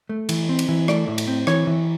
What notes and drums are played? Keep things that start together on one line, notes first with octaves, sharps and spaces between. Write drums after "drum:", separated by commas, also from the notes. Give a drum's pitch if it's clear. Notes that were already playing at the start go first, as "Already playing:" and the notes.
A3
E3, drum: cymbal
C4
drum: cymbal
E3
A3 D5, drum: rim click
A2
drum: cymbal
C4
E3 C#5, drum: rim click
E3